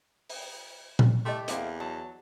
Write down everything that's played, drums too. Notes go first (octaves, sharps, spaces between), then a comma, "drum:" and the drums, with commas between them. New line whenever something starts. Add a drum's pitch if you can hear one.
drum: open hi-hat
drum: tom A#2
E3 A3 G4 D#5 C6
E2 A3 A#3 C4 D6 D#6, drum: hi-hat
F#3 A5